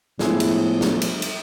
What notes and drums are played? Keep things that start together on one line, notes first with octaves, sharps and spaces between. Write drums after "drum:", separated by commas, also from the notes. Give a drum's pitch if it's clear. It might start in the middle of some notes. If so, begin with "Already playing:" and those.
A2 F3 G#3 B3 E4 G#4, drum: snare
drum: cymbal
drum: snare
drum: cymbal
drum: cymbal